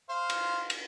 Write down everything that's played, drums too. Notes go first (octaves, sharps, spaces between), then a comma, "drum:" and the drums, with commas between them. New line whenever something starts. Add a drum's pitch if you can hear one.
C5 F5
drum: cymbal
drum: cymbal